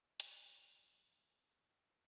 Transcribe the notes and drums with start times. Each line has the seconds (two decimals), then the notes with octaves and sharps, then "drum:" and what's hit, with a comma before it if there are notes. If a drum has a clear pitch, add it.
0.20 A#1, drum: hi-hat
1.43 C4 F#4 G4